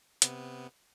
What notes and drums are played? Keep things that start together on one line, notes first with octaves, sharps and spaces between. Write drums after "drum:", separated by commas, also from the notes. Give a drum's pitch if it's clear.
C3 B3, drum: hi-hat